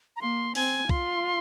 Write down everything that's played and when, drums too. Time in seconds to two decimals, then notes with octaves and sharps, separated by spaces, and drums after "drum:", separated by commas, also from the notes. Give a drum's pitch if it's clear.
0.16 A#5
0.21 A#3 C6
0.55 C4 G#5, drum: open hi-hat
0.89 F4 C6, drum: kick